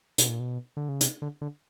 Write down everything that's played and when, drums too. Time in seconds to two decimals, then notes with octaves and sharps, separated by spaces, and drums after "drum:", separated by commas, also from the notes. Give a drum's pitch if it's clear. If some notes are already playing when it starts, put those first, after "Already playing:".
0.18 B2, drum: hi-hat
0.28 A#2
0.40 B2
0.77 D3
0.89 C#3
1.01 C3, drum: hi-hat
1.22 D3
1.42 D3